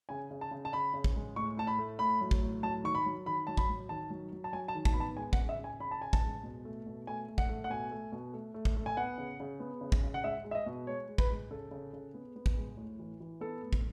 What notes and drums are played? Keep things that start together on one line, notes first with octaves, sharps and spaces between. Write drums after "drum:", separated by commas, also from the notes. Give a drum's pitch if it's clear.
C#3 G#5
C#3
A5
C#3
A5
C#3 B5
C#3
drum: kick
G#3
A2 C#6
A2 A5
B5
A3
A2 B5
F#3
drum: kick
A2
F#3 A5
D#3 C#6
B5
F#3
D#3 B5
F#3 A5
B5, drum: kick
F#3
D#3 A5
F#3
F#3
A5
F#3 G#5
A5
D#3
A5, drum: kick
B3 B5
A5
G#3 G#5
F#5, drum: kick
C#3
E5
C#3
G#5
C#3 B5
A5
C#3 G#5
A5, drum: kick
G#3
B2
A3
B2
A3 G#5
A3
F#5, drum: kick
A3
F#5
B2 G#5
A3
B2
A3
A3
drum: kick
A3
G#5
B3 F#5
C#3
C#3
B3
C#3
drum: kick
C#3
F#5
G#3 E5
G#3
E5
D#5
B2
G#3 C#5
G#3
B4, drum: kick
G#3
C#3 A4
C#3
C#3
B3
B3
drum: kick
G#3
A2
E3
E3
B3 A4
A2
drum: kick